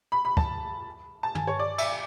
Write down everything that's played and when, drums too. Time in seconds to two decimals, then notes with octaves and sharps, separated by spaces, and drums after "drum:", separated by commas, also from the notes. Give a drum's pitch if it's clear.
0.12 B5
0.25 B5
0.37 A5, drum: kick
1.23 A5
1.35 G#5, drum: tom
1.47 C#5
1.59 D5
1.78 E5, drum: cymbal